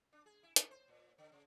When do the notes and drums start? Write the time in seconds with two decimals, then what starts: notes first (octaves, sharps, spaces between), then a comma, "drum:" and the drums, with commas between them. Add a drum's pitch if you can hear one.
0.13 D4
0.26 G#4
0.43 E4
0.56 C#5, drum: hi-hat
0.71 C5
0.88 A#2
1.18 D3
1.32 C#3